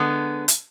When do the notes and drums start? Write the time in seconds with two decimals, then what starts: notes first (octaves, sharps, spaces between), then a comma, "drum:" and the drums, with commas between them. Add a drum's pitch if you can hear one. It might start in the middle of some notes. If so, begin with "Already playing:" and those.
Already playing: D3 G#3 B3
0.48 drum: hi-hat